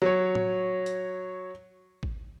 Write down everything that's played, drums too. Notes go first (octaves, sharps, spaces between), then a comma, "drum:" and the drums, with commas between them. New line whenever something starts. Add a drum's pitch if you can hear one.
F#3 C#5, drum: snare
drum: tom A2
drum: hi-hat
drum: kick